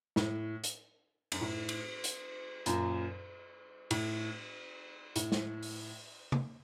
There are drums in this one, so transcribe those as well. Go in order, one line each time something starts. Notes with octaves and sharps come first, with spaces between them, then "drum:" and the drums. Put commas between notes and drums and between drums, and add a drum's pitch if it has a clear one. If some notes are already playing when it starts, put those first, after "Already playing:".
A2, drum: snare
drum: hi-hat
F#2, drum: cymbal
A2
drum: cymbal
drum: hi-hat
F#2 A#2, drum: hi-hat
A2, drum: cymbal
A2, drum: hi-hat
drum: snare
drum: open hi-hat
drum: tom C3